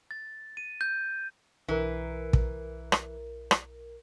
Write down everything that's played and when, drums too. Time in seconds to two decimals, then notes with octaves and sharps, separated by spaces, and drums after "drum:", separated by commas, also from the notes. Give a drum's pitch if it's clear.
0.11 A6
0.57 D#7
0.81 G6
1.68 B1 E3 A#4
2.33 drum: kick
2.92 drum: rim click
3.51 drum: rim click